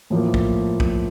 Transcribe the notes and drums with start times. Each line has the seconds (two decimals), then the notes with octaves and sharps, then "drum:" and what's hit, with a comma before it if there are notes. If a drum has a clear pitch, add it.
0.10 A2 F3 A#3
0.34 drum: kick
0.80 drum: kick